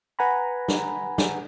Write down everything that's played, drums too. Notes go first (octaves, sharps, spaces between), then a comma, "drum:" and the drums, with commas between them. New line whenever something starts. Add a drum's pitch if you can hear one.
B4 F#5 G#5 A#5 B5
drum: snare
drum: snare